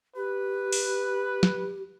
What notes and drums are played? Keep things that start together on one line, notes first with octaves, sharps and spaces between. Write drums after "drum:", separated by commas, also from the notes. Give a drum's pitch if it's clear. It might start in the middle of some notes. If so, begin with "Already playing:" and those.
G4 B4
drum: open hi-hat
drum: snare